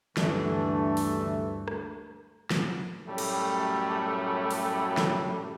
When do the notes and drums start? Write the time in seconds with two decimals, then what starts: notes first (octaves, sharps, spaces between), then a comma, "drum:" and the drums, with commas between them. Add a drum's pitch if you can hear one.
0.17 D2 G2 D3 E3 A3 D4, drum: snare
0.97 drum: open hi-hat
1.68 drum: rim click
2.51 drum: snare
3.07 F#2 A2 G3 A3
3.18 drum: cymbal
4.51 drum: open hi-hat
4.97 drum: snare